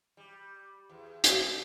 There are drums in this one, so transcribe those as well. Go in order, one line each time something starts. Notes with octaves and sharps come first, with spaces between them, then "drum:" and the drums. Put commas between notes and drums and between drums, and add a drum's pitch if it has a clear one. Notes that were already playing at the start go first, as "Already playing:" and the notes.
G3
E2
E3, drum: hi-hat